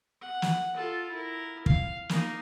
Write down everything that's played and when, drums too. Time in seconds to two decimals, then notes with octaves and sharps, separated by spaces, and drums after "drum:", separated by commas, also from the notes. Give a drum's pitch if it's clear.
0.21 F#5
0.42 drum: snare
0.76 F4 A4
1.10 E4 A#4
1.66 F5, drum: kick
2.09 A#3 D#4, drum: snare